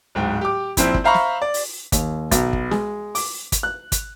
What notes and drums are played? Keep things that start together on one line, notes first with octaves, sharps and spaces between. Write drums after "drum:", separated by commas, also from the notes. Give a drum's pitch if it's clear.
D1 G#2 G5
G4 D6
A#1 C4 E4, drum: kick, hi-hat
drum: kick
C5 E5 F5 A#5 B5 C#6
drum: snare
D5
drum: open hi-hat
D#2, drum: kick, hi-hat
B1, drum: kick, hi-hat
drum: kick
G#3, drum: snare
D6, drum: open hi-hat
drum: kick, hi-hat
F#6
drum: kick, hi-hat